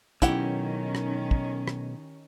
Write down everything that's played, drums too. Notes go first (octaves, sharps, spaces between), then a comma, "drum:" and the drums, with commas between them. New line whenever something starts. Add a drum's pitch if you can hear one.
B1 D#3 C#4 E4 G4 F#5, drum: kick, hi-hat
drum: rim click
drum: kick
drum: rim click